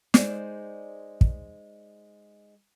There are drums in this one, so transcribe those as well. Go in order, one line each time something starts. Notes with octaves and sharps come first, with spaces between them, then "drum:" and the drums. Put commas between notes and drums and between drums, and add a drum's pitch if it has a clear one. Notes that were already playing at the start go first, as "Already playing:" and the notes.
G#3 D#4 C5 D5, drum: snare
drum: kick